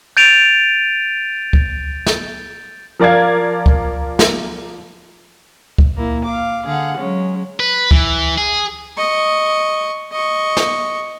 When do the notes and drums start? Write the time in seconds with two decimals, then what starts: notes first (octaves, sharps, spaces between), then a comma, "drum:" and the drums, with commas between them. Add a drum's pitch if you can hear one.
0.17 G6 A6 D7 D#7 F7
1.53 drum: kick C#2
2.06 drum: snare
2.99 F3 A#4 D5 F5 G#6
3.66 drum: kick C#2
4.19 drum: snare
5.78 drum: kick C#2
5.96 A#2 A#3 E4
6.26 F5 D6
6.66 D3 G#4 F5 F#5
6.97 F#3 G#3 C#4
7.60 B4
7.91 E3, drum: kick C#2
8.38 G#4
8.97 D#5 C#6
10.12 D#5 C#6
10.57 drum: snare